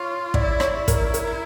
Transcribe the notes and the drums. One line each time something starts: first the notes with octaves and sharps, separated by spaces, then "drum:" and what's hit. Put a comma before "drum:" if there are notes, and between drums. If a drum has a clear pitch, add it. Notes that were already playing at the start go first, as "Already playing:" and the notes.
Already playing: F4 C#5
E4 D5, drum: kick
C#5, drum: rim click
E4
A#4, drum: kick, hi-hat
A#4, drum: hi-hat